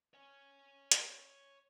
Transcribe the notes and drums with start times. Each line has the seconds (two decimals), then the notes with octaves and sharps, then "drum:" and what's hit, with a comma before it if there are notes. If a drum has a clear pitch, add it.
0.14 C#5 G#5
0.92 drum: hi-hat